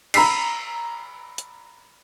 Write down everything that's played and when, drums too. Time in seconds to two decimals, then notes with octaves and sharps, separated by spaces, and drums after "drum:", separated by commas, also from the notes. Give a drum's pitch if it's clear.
0.14 A#5 B5 E6 B6 C7, drum: cymbal
1.38 drum: hi-hat